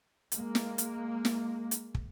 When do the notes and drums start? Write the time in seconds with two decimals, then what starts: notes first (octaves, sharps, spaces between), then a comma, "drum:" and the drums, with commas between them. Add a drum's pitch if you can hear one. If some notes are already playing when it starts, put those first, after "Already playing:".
0.32 G#3 A#3, drum: hi-hat
0.55 drum: snare
0.78 drum: hi-hat
1.25 drum: snare
1.71 drum: hi-hat
1.95 drum: kick